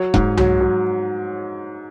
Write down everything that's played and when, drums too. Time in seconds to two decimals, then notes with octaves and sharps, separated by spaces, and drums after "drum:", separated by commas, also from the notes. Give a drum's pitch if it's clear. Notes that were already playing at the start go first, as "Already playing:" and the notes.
Already playing: F#3 C#5
0.14 G#2, drum: kick E1
0.37 F#3, drum: tom C2
0.61 F#3